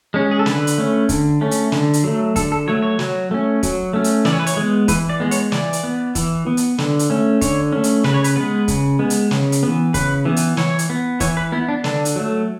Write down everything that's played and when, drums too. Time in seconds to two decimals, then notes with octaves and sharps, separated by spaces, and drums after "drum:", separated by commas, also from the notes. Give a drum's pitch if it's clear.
0.14 G#3 C#4
0.31 G#4
0.39 A4
0.46 D3 B4, drum: snare
0.67 drum: hi-hat
0.78 A3 C#4
1.09 D3, drum: kick, hi-hat
1.41 A3 C#4
1.51 drum: hi-hat
1.72 D3, drum: snare
1.94 drum: hi-hat
2.04 F#3 A3
2.36 D3 A4, drum: kick, hi-hat
2.52 A4
2.68 F#3 A3 C#5
2.82 C#5
2.99 F#3, drum: snare
3.31 A3 C#4
3.63 F#3, drum: kick, hi-hat
3.93 A3 C#4
4.04 drum: hi-hat
4.25 E3 D5, drum: snare
4.32 C#5
4.39 B4
4.47 C#5, drum: hi-hat
4.57 G#3 B3
4.88 E3 B4, drum: kick, hi-hat
5.10 D5
5.20 G#3 B3
5.31 C#5, drum: hi-hat
5.52 E3 D5, drum: snare
5.73 drum: hi-hat
5.84 B3
6.15 E3, drum: kick, hi-hat
6.47 B3
6.57 drum: hi-hat
6.78 D3, drum: snare
6.99 drum: hi-hat
7.10 A3 C#4
7.41 D3 C#5, drum: kick, hi-hat
7.72 A3 C#4
7.84 drum: hi-hat
8.04 C#3 B4, drum: snare
8.14 C#5
8.24 B4, drum: hi-hat
8.36 G#3 B3 B4
8.68 C#3, drum: kick, hi-hat
8.99 G#3 B3
9.10 drum: hi-hat
9.31 C#3, drum: snare
9.52 drum: hi-hat
9.63 E3 B3
9.94 C#3 B4, drum: kick, hi-hat
10.25 E3 B3
10.37 drum: hi-hat
10.57 E3 C#5, drum: snare
10.79 drum: hi-hat
10.90 B3
11.20 E3 C#5, drum: kick, hi-hat
11.37 B4
11.52 B3 E4
11.68 D4
11.84 D3 D4, drum: snare
12.05 drum: hi-hat
12.16 F#3 A3